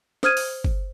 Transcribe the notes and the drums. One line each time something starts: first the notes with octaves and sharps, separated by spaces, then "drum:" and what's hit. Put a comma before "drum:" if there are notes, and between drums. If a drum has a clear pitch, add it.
C5 D#6 F6 G#6 D#7, drum: snare
drum: open hi-hat
drum: kick G1